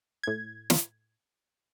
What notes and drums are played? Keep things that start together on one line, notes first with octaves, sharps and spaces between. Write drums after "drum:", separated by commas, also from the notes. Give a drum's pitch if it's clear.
A2 G#6
drum: snare